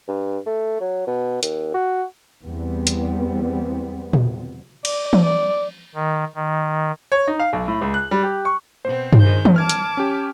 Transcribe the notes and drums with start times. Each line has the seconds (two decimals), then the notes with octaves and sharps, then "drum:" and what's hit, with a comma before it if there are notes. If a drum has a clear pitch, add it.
0.08 G2
0.46 A3
0.81 F#3
1.07 B2
1.43 D#2, drum: hi-hat
1.74 F#4
2.44 E2 G3 B3 C4
2.87 drum: hi-hat
4.13 drum: tom A#2
4.85 D5, drum: cymbal
5.13 drum: tom E3
5.23 D5
5.95 D#3
6.35 D#3
7.12 C#5
7.27 D#4
7.40 F5
7.53 B1
7.68 A2
7.81 C#2
7.94 F#6
8.11 G3
8.23 G4
8.45 C#6
8.85 B2 C4 C5
9.13 drum: tom G2
9.22 D#3 G#3 G6
9.45 drum: tom E3
9.56 A5 D6 F6 G#6
9.69 drum: hi-hat
9.97 C#4 G4